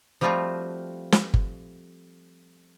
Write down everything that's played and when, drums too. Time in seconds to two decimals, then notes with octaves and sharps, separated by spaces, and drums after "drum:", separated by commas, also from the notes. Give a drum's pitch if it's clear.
0.21 F3 G3 A3 C4 F4 F#4
1.12 drum: snare
1.34 drum: kick G1